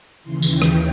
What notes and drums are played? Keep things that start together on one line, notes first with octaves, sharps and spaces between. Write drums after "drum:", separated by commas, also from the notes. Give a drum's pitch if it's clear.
D#2 C#3 E3 C6
drum: tambourine
G5
drum: rim click